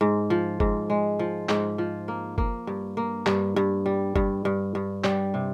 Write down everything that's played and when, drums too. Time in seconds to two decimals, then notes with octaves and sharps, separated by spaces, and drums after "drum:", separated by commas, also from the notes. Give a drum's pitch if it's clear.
0.01 G#2
0.30 F3
0.60 G#2, drum: kick F#1
0.90 G#3
1.19 F3
1.49 G#2, drum: clap
1.78 F3
2.08 A#3
2.38 A#3, drum: kick F#1
2.67 G2
2.97 A#3
3.26 G2, drum: clap
3.56 G2
3.86 G3
4.15 G2, drum: kick F#1
4.45 G2
4.75 G2
5.04 G3, drum: clap
5.34 C3